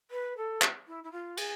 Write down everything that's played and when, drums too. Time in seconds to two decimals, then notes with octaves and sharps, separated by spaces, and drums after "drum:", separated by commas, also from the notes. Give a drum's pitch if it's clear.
0.11 B4
0.37 A4
0.62 drum: clap
0.87 E4
1.04 E4
1.12 F4
1.37 G#4, drum: cymbal